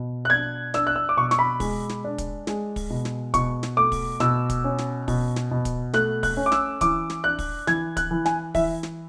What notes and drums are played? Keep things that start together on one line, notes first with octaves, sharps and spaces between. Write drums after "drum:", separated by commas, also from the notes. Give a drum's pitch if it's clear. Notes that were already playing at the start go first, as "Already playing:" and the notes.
Already playing: B2
F#6
D4 G#6
D4 E6, drum: snare
F#6
E6
D6
B2 C#6
C#6, drum: snare
B5
G#3, drum: kick, open hi-hat
drum: snare
D4
drum: kick, hi-hat
G#3, drum: snare
drum: kick, open hi-hat
B2
drum: snare
B2 C#6, drum: kick, hi-hat
drum: snare
A3 D6
drum: kick, open hi-hat
B2 E6, drum: snare
drum: kick, hi-hat
C#4
drum: snare
B2, drum: kick, open hi-hat
drum: snare
B2
drum: kick, hi-hat
A3 F#6, drum: snare
F#6, drum: kick, open hi-hat
C#4
D6
E6, drum: snare
E3 D6, drum: kick, hi-hat
drum: snare
D4 F#6
drum: kick, open hi-hat
E3 G#6, drum: snare
F#6, drum: kick, hi-hat
E3
G#5, drum: snare
E3 E5, drum: kick, open hi-hat
drum: snare